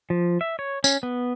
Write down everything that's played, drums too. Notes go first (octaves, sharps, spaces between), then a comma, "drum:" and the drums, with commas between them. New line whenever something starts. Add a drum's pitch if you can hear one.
F3
E5
C#5
C#4, drum: tambourine
B3